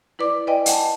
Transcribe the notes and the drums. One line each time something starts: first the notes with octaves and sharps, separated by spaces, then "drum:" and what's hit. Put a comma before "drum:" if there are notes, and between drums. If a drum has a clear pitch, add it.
E4 B4 D5 D6
B4 D5 D#5 G5 G#5
F#5 G5 A5, drum: hi-hat